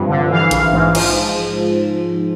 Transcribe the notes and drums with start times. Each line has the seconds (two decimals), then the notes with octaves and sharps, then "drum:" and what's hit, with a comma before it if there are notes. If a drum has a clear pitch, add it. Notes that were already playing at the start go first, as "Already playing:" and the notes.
Already playing: G2 C3 F3
0.09 D3
0.30 E3 F5
0.51 A#1, drum: hi-hat
0.73 G#2
0.95 F3, drum: cymbal